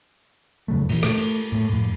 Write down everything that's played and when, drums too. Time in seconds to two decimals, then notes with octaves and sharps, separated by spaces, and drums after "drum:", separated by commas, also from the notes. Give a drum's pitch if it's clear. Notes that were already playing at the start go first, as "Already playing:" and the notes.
0.68 F2 C#3 F#3 A3
0.89 A#2 E3, drum: cymbal
1.03 A3, drum: rim click
1.17 drum: cymbal
1.52 A2 A3
1.70 F2 A2